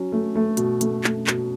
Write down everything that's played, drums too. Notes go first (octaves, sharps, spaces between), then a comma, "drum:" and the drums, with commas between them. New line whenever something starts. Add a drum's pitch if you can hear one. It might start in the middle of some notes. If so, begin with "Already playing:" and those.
Already playing: F#3 C#4
A3
A3
B2, drum: hi-hat
A3, drum: hi-hat
A3, drum: clap
B2, drum: clap